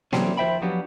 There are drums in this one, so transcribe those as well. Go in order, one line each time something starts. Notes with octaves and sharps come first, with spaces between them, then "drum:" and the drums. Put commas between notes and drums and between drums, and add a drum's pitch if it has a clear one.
E3 F#3 G3 C4 C#4, drum: snare A#3
D#2 F3 C5 E5 G5 B5
F3 F#3 B3 D4 G4